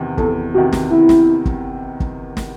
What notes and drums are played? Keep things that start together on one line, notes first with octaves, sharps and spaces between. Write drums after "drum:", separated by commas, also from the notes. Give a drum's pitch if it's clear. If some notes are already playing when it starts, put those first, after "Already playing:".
Already playing: E2 C3 D#3
E2 A4, drum: kick
C3 D#3 F#4
drum: snare
E2 E4
drum: snare
drum: kick
drum: kick
drum: snare